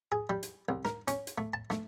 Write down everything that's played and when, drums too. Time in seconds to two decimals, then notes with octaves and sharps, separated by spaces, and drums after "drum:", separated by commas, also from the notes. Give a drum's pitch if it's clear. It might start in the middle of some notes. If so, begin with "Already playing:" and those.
0.12 G#4
0.29 G3
0.43 drum: hi-hat
0.69 C2
0.85 A#4, drum: snare
1.08 C#4, drum: hi-hat
1.27 drum: hi-hat
1.38 A3
1.53 A5
1.70 A3, drum: snare